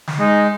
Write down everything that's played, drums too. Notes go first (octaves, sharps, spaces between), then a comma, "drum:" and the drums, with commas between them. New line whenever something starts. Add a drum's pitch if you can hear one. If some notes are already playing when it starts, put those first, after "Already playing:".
drum: snare
G#3 D#4